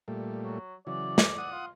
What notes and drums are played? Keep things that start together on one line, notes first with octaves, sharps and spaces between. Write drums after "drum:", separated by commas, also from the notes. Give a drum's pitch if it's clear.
A#2 G3 A3
F#3
C#3 E3 F#3 D5
drum: snare
F#5 D#6
F4